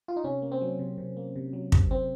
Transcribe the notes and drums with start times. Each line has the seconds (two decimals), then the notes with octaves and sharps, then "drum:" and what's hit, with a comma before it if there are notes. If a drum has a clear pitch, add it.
0.08 F4
0.16 D#4
0.24 C3 C#4
0.42 A#3
0.52 C4
0.61 F#3
0.79 C3
0.98 C3
1.17 A#3
1.36 C3
1.53 F#3
1.72 C3, drum: kick
1.91 C3 C4